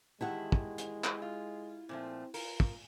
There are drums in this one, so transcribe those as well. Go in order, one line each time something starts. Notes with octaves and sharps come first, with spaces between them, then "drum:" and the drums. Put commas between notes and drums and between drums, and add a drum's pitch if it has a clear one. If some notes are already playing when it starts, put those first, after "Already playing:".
E2 D#3 G#3 E4 G4 F#5 A5
drum: kick
drum: hi-hat
drum: clap
F4
A#2 F3 A3 C4
F4 A#4, drum: open hi-hat
drum: kick